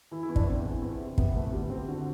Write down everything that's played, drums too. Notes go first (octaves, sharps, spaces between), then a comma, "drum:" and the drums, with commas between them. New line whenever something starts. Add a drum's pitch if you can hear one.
E3 E4
E4
E2
D4, drum: kick
E2 C4
E3
E2
C3
C3 B3, drum: kick
E2 A3
D3 G3
D3 C4
D3 F#4